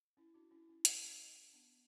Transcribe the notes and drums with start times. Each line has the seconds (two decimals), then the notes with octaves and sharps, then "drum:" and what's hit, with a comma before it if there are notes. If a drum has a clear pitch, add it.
0.17 C#4 E4
0.34 D4 F#4
0.51 C#4 E4
0.69 C#4
0.85 C#4, drum: hi-hat
1.53 B3 D4